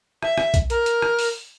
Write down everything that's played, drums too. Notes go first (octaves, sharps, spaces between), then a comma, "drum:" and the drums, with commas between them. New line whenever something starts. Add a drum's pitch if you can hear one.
E5, drum: rim click
drum: rim click
drum: kick B1, hi-hat
A#4, drum: hi-hat
drum: hi-hat
drum: rim click
drum: open hi-hat